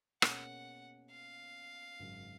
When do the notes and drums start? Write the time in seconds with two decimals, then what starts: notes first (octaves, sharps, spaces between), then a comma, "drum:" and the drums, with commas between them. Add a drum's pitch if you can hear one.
0.22 B2 A#3 C#4 G#4 C#5 F#5, drum: rim click
1.11 F5
2.00 G#1 F#2 C#3 F#3